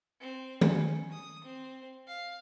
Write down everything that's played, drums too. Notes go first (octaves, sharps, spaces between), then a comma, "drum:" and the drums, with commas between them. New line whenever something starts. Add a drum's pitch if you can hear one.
C4
C#4, drum: tom D#3
D#6
C4
F5